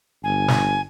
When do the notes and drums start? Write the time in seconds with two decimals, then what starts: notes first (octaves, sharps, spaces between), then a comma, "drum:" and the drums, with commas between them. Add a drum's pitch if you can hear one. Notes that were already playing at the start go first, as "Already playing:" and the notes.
0.24 G1 G#5
0.48 drum: snare